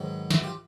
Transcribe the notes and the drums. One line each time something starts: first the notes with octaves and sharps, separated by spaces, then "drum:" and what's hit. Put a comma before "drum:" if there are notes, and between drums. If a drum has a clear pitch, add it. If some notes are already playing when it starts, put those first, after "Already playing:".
Already playing: G#2 D#3 F#3 B3
E4 F#4, drum: snare
F4 G4